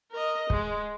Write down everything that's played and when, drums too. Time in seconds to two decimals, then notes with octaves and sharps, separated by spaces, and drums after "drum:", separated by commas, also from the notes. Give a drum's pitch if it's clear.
0.11 A#4 D#5
0.50 G#3, drum: kick